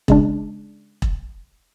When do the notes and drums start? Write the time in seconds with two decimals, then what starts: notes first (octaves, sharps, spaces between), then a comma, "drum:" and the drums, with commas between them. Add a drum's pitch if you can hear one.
0.08 C#3 G#3 D4, drum: kick E1
1.02 drum: kick E1